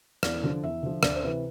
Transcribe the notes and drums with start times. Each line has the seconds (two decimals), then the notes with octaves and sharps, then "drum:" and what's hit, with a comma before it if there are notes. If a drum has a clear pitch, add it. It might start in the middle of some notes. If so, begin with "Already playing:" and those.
0.23 E2 D5, drum: rim click
0.43 D3 F3
0.63 E2 E5
0.83 D3 F3
1.03 D2 D5, drum: rim click
1.16 C5
1.23 C3 E3 B4